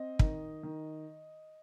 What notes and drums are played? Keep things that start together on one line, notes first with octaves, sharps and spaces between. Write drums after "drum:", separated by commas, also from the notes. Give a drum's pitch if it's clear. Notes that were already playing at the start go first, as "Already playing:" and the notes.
Already playing: C4 D#5
D#3, drum: kick
D#3